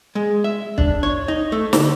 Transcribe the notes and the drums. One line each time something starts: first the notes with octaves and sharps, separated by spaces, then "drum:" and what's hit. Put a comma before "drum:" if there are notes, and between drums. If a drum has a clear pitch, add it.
G#3
E5
D4, drum: kick
C#5
D#4
A3
D3, drum: snare